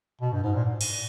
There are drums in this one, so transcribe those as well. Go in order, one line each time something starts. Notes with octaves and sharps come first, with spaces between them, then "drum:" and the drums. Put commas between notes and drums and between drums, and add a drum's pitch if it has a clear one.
B2
G2
G#2
A#2
drum: cymbal